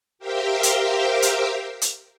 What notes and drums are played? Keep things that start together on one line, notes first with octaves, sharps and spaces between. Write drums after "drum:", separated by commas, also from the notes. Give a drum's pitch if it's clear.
G4 A#4 C5 E5 F5 G5
drum: hi-hat
drum: hi-hat
drum: hi-hat